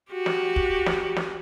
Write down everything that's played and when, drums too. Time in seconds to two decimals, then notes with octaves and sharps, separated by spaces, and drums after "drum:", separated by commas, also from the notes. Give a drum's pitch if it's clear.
0.11 F#4 G4
0.26 drum: snare
0.56 drum: kick
0.86 drum: snare
1.16 drum: snare